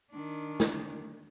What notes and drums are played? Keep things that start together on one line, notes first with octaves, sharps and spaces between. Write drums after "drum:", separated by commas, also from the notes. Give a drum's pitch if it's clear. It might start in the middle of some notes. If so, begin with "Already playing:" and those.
D#3 D4
drum: snare